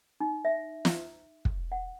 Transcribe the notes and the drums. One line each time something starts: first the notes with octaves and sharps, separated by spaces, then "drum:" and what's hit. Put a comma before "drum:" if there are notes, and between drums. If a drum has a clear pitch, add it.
D#4
E5
drum: snare
drum: kick
F#5